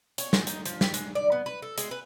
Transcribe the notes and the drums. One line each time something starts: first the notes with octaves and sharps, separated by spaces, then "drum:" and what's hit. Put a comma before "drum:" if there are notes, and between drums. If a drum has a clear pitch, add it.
C#5, drum: hi-hat
G#3, drum: snare
D#4, drum: hi-hat
F3, drum: hi-hat
G4, drum: snare
G#3, drum: hi-hat
D5
B3
B4
A4
G#3, drum: hi-hat
B4